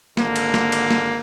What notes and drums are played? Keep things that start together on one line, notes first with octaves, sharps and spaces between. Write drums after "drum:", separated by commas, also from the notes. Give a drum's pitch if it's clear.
G#1 D3 A#3, drum: snare A#3
drum: cymbal
drum: snare A#3
drum: cymbal
drum: snare A#3